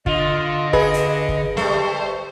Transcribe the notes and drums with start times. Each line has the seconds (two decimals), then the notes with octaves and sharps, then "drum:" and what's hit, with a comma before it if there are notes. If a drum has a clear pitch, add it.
0.06 D3 F4 D#5, drum: kick
0.73 G#4 B4, drum: kick
0.94 drum: hi-hat
1.29 drum: kick
1.57 G3 A3 C5, drum: snare